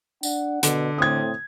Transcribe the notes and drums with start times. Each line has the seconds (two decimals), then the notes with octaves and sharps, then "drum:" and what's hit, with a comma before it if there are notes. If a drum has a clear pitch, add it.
0.23 D4 F#5, drum: tambourine
0.63 B2 D3, drum: hi-hat
0.98 A2 C4 D#6 G#6